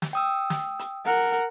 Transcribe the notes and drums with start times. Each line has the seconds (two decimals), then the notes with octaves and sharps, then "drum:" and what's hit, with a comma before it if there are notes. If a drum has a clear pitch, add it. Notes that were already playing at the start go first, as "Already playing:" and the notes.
0.02 drum: snare
0.13 G5 D#6 E6
0.50 drum: snare
0.79 drum: hi-hat
1.05 A#4 F#5